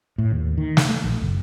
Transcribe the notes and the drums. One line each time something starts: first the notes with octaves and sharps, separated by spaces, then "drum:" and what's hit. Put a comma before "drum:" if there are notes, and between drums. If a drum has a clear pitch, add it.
A2
D#2
D#3
drum: snare
A3
A#1
F#1